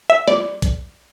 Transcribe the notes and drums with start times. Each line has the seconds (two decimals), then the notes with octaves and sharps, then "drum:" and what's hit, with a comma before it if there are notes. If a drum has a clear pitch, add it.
0.10 E5
0.28 D5, drum: snare
0.62 drum: kick A#1, hi-hat